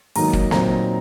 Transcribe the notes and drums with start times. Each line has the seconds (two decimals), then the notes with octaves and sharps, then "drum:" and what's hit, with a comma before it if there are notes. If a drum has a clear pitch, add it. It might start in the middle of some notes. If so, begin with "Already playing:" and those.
0.15 G#2 D#3 F#3 A#3 D#4 A#5, drum: open hi-hat
0.33 drum: kick
0.51 A#2 F#3 C4 D#4 A#5, drum: snare